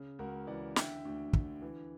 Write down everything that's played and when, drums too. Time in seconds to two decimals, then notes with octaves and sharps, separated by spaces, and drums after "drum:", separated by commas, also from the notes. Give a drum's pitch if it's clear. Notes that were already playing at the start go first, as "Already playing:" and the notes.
Already playing: C#3
0.19 C#2 F#4 A#4
0.47 E3 D5 F#5
0.76 D3 E5 G5, drum: snare
1.05 D2
1.33 D3, drum: kick
1.62 E3